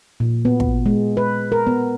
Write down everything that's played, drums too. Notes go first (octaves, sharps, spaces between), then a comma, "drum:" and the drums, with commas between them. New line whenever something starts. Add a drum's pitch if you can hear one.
A#2
B3
drum: kick
G#3
B4
A#4
B3